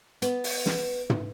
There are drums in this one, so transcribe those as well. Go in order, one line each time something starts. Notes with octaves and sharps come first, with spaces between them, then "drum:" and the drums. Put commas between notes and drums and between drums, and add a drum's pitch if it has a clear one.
B3, drum: hi-hat
drum: open hi-hat
drum: snare
drum: tom